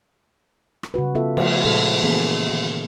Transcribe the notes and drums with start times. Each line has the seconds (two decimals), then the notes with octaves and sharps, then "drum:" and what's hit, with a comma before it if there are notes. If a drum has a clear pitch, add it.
0.83 drum: rim click
0.94 C#3 G3 F#4 B4
1.15 B3 F4 A4 E5
1.37 F3 A3, drum: cymbal
1.64 A#2 G#3 E4 G#4 A4
2.03 E3 A#3 B3 C#4 G#4
2.49 D#3